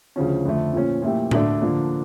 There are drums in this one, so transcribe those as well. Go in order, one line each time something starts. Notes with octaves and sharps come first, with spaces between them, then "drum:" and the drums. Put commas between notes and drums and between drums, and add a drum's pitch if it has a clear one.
D2 C#3 F3 C#4
F2 D3 A3
A#2 F3 C#4
A#2 F3 A3 E4 G4
D2 D3 A3 D4 A4, drum: tom A2
D3 F3 A#3 D4